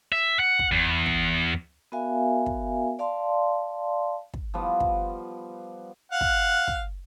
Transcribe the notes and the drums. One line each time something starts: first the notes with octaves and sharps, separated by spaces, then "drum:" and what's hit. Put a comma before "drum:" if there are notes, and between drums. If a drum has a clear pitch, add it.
E5
F#5
drum: kick
E2
drum: kick
B3 F#4 A#4 E5 F5 G#5
drum: kick
D5 F5 A5 C6
drum: kick
F3 G3 B3
drum: kick
F5 F#5
drum: kick
drum: kick